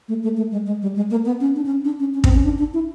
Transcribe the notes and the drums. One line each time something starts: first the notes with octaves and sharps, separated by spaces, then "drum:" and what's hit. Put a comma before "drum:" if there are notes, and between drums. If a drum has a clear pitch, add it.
A3
A3
A3
G#3
G#3
G3
G#3
A#3
B3
C#4
D4
C#4
D4
C#4
C#4
C4, drum: kick
C#4
D4
D4
E4